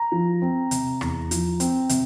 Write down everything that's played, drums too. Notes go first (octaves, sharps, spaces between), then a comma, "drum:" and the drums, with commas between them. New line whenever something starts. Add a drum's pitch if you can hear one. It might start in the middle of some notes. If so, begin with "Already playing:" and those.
Already playing: A#5
F3
C4
C3, drum: hi-hat
E2, drum: rim click
F3, drum: hi-hat
C4, drum: hi-hat
C3, drum: hi-hat